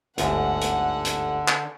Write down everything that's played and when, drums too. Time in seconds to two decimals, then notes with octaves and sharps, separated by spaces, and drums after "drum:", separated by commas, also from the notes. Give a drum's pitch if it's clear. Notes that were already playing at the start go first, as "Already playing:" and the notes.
0.18 G1 D2 G#2 D3 F#5, drum: hi-hat
0.61 drum: hi-hat
1.05 drum: hi-hat
1.48 drum: clap